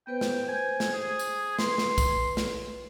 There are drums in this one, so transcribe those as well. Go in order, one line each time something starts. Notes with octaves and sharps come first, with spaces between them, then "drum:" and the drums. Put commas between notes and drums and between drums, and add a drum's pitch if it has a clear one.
B3 B4 C5 G5
drum: snare
C5 G#5
drum: snare
G#4
drum: tambourine
B4 C6, drum: snare
drum: snare
drum: kick B1, tambourine
drum: snare